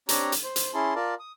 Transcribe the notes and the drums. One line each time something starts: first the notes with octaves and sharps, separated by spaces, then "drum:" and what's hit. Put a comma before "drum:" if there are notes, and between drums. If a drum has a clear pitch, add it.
C4 D4 G4 C#5 A#5, drum: hi-hat
drum: hi-hat
C5
drum: hi-hat
C#4 E4 G#4 A5 C6
F4 A#4 D5 A5
D#6